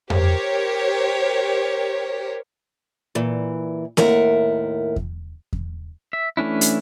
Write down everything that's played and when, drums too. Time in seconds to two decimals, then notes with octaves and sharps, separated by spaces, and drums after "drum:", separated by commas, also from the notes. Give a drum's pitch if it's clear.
0.10 G4 A#4 C5 C#5, drum: tom F2
3.15 A#2 E3
3.97 D#2 A2 A#4 E5 F#5, drum: snare A#3
4.96 drum: kick E2
5.53 drum: kick E2
6.13 E5
6.37 E3 A3 C#4 D4 E4
6.61 drum: hi-hat